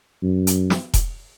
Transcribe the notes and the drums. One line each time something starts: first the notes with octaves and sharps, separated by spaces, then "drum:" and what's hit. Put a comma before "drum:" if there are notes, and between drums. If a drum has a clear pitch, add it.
F#2
drum: hi-hat
drum: snare
drum: kick E1, hi-hat